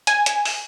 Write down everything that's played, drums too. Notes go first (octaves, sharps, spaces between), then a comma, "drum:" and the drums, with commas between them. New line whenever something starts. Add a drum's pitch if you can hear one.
G#5, drum: hi-hat
drum: hi-hat
drum: open hi-hat